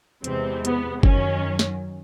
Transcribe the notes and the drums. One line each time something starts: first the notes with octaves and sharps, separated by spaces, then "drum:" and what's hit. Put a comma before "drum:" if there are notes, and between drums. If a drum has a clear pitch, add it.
E2 C3 E3 G#3 C4, drum: hi-hat
B3, drum: hi-hat
F#2 D#3 F#3 C#4, drum: kick G1
drum: snare